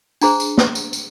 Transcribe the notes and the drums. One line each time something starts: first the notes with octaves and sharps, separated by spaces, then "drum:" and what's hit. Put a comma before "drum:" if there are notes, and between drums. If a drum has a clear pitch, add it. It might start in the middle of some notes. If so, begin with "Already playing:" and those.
D4 G#4 C5 A#5, drum: tambourine
drum: tambourine
drum: snare
drum: tambourine
drum: tambourine